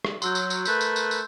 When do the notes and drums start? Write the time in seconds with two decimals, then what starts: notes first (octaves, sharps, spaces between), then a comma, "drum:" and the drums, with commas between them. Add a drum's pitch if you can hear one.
0.05 drum: rim click
0.22 F#3 C6 E6 G6, drum: tambourine
0.35 drum: tambourine
0.50 drum: tambourine
0.65 A3 A#4 B4 G6, drum: tambourine
0.81 drum: tambourine
0.96 drum: tambourine
1.11 drum: tambourine